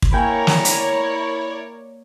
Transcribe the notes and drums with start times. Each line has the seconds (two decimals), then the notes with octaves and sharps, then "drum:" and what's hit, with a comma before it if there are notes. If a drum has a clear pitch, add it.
0.02 drum: kick
0.12 A#3 E4 A#4 C#5 D5 G5 G#5 A#5
0.47 drum: snare
0.65 drum: hi-hat